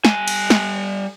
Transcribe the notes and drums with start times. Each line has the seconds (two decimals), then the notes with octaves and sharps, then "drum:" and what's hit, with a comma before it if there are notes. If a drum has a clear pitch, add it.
0.05 G3 G#5, drum: snare
0.28 drum: cymbal
0.50 drum: snare